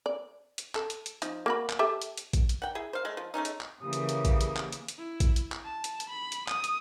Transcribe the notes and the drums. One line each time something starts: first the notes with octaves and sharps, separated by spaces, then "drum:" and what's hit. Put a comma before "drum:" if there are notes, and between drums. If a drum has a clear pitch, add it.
D5
drum: hi-hat
A4, drum: clap
drum: hi-hat
drum: hi-hat
F3 D#4, drum: hi-hat
A#3 F#4 B5
drum: clap
G4 A4 E5
drum: hi-hat
drum: hi-hat
drum: kick A1, hi-hat
drum: hi-hat
F#5 G5
E4 G#4
C5 F5
G#3 A3
F3
G#3 A3 C#4 D#4
drum: hi-hat
drum: clap
C#3 E3 A#3 G4 D#6
drum: hi-hat
drum: hi-hat
drum: kick A1, hi-hat
drum: hi-hat
drum: clap
drum: hi-hat
drum: hi-hat
E4
drum: kick A1, hi-hat
drum: hi-hat
drum: clap
A5
drum: hi-hat
drum: hi-hat
B5
drum: hi-hat
D#6, drum: clap
drum: hi-hat